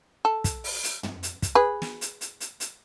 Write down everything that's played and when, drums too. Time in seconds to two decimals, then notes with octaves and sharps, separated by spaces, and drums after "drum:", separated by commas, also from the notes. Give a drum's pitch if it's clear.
0.25 A4
0.44 drum: kick, hi-hat
0.64 drum: open hi-hat
0.84 drum: hi-hat
1.03 drum: tom
1.23 drum: hi-hat
1.42 drum: kick, hi-hat
1.55 G#4 B4
1.82 drum: snare
2.01 drum: hi-hat
2.21 drum: hi-hat
2.40 drum: hi-hat
2.60 drum: hi-hat